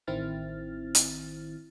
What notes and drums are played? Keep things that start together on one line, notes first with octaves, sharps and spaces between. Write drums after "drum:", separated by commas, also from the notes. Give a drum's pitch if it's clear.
A1 D#3 C4 E4 F6 A6
drum: hi-hat